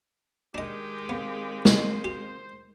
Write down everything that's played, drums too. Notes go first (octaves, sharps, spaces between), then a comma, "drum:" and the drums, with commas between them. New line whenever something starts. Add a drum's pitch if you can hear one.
D#3 G#3 D4 G4 D#5
B3 C4 G#4 F5
C3 C5, drum: snare
G4